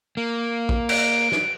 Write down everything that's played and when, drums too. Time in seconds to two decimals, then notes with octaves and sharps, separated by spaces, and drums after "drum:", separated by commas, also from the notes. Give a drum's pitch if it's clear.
0.17 A#3
0.69 drum: kick A#1
0.89 D7, drum: cymbal
1.32 drum: snare